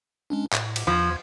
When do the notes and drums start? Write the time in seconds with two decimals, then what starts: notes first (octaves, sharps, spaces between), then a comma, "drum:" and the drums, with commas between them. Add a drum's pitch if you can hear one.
0.30 G#3 C#4 D4
0.53 A2, drum: clap
0.76 drum: cymbal
0.87 E2 F3 G#6